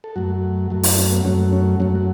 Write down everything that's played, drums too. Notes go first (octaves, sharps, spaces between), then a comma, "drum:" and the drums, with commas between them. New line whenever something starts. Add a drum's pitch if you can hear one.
A4
F#2 F#3 A3 F#4
F#2 F#3 A3
E4, drum: open hi-hat
C#4
B3
F#2 F#3 A3 C#4
C#4
F#2 F#3 A3 C#4
F#4